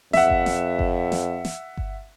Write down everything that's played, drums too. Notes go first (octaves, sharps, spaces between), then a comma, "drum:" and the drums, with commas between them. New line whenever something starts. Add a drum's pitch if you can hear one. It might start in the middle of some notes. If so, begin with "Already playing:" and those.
F2 E5 F#5, drum: snare
drum: kick G1
drum: snare
drum: kick G1
drum: snare
drum: snare
drum: kick G1